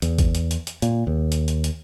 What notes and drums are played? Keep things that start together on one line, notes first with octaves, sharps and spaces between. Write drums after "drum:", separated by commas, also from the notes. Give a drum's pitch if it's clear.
E2, drum: hi-hat
drum: kick G#1, hi-hat
drum: hi-hat
drum: hi-hat
drum: hi-hat
A#2, drum: hi-hat
D#2
drum: hi-hat
drum: hi-hat
drum: hi-hat